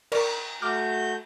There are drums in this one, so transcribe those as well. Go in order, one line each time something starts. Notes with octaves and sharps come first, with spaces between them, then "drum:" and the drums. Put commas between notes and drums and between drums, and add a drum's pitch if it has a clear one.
A#4 D5 C#6, drum: cymbal
A3 F#4 D6 F6 G6